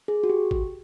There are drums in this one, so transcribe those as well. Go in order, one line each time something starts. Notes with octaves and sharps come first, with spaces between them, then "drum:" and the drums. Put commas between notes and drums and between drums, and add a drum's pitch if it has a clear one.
G#4
F#4
G4
drum: kick